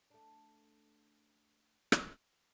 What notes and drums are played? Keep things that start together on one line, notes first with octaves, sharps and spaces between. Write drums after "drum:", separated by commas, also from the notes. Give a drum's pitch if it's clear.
A3 D4
drum: rim click